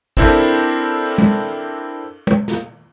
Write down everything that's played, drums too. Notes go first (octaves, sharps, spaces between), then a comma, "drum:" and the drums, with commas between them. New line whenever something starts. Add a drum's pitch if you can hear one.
C4 D4 E4 A4 A#4 C5, drum: kick
drum: cymbal
drum: tom
drum: tom
drum: snare